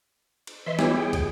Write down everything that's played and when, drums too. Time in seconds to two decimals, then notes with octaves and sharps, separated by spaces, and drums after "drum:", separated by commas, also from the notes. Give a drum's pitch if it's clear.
0.47 drum: cymbal
0.66 E3 B4 D#5 E5 C6
0.79 B3 E4 F4 G4 C#5, drum: snare
0.97 G#4 G5
1.13 drum: kick, cymbal